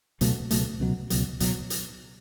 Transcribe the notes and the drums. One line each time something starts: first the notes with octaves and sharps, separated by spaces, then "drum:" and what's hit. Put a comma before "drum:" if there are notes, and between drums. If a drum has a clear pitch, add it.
C#2 B2 F#3 A3, drum: hi-hat
C#2 B2 F#3 A3, drum: hi-hat
C#2 B2 F#3
C#2 B2 F#3, drum: hi-hat
C#2 B2 F#3, drum: hi-hat
drum: hi-hat